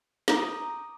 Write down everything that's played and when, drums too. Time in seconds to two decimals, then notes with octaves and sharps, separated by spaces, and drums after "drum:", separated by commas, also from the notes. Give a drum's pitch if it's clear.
0.28 A#5 D6 D#6 G6, drum: snare